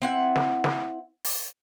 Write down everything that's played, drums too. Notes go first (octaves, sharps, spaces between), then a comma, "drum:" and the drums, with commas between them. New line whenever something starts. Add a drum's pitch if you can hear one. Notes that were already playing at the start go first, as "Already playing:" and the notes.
C4 E4 F#5
drum: snare
drum: snare
drum: open hi-hat